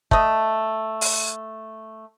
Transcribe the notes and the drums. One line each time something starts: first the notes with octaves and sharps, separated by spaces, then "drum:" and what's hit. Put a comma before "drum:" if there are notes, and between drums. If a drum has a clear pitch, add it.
A3 D#5, drum: kick
drum: open hi-hat